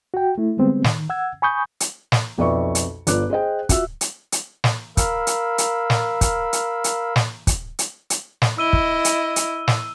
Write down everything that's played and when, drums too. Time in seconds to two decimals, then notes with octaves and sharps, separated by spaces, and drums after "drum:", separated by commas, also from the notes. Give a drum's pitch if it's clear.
0.14 F#4 G5
0.38 A3 E4
0.57 D3 G3 G#3 B3 C4
0.84 D#3, drum: snare
1.10 F#5 E6 G#6
1.42 G#5 B5 C#6 D#6 G6
1.80 drum: hi-hat
2.12 drum: snare
2.38 B1 F2 B4 D5 E5 C#6
2.75 drum: hi-hat
3.07 G1 F4 D5 D6 F#6, drum: hi-hat
3.30 G#4 C5 D#5 G5
3.69 F4 F#4 E5 E6, drum: kick, hi-hat
4.01 drum: hi-hat
4.32 drum: hi-hat
4.64 drum: snare
4.97 A#4 F5 B5 E6, drum: kick, hi-hat
5.27 drum: hi-hat
5.58 drum: hi-hat
5.90 drum: snare
6.21 drum: kick, hi-hat
6.53 drum: hi-hat
6.84 drum: hi-hat
7.16 drum: snare
7.47 drum: kick, hi-hat
7.79 drum: hi-hat
8.10 drum: hi-hat
8.42 drum: snare
8.58 E4 D#5 E6 D#7 G7
8.73 drum: kick
9.05 drum: hi-hat
9.36 drum: hi-hat
9.68 drum: snare